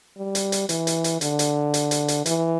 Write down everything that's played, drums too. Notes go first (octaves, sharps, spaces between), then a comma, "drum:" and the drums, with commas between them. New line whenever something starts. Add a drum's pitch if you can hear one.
G3
drum: hi-hat
drum: hi-hat
E3, drum: hi-hat
drum: hi-hat
drum: hi-hat
D3, drum: hi-hat
drum: hi-hat
drum: hi-hat
drum: hi-hat
drum: hi-hat
E3, drum: hi-hat